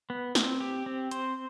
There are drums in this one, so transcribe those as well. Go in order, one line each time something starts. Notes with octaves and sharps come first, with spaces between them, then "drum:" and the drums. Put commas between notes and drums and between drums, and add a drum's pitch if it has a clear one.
B3
C4, drum: snare
G4
C4
C5, drum: hi-hat